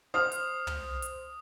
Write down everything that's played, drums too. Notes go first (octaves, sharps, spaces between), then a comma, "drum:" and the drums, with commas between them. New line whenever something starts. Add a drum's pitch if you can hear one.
C5 D#6 F6
drum: hi-hat
drum: tom
drum: hi-hat